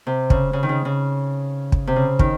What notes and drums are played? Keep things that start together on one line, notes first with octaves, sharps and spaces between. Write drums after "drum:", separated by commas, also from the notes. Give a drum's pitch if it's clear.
C3
C#3, drum: kick
C#3
D#3
C#3
C#3
drum: kick
C3
C#3
D#3, drum: kick